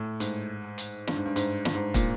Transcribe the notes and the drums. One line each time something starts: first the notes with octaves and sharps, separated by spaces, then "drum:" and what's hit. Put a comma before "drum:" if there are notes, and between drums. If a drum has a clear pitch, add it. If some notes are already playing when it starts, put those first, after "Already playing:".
Already playing: A2
G#2, drum: hi-hat
drum: hi-hat
G2, drum: snare
G#2
G2
G#2, drum: hi-hat
G2, drum: snare
G#2
A#2, drum: kick, hi-hat